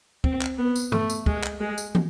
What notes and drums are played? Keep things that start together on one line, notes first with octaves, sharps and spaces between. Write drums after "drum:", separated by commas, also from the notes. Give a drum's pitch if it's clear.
C4, drum: kick
drum: clap
B3
drum: tambourine
A3, drum: tom G2
drum: tambourine
G#3, drum: kick
drum: clap
G#3
drum: tambourine
drum: tom